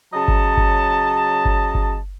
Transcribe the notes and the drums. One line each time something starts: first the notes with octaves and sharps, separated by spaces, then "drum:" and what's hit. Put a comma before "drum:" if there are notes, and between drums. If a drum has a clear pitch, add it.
C#3 F#3 D#5 A5
drum: kick G1
drum: kick G1
drum: kick G1
drum: kick G1